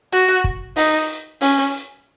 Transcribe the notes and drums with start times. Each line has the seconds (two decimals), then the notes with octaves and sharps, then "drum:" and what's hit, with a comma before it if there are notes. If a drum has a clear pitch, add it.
0.12 F#4, drum: hi-hat
0.44 drum: kick
0.76 D#4, drum: open hi-hat
1.41 C#4, drum: open hi-hat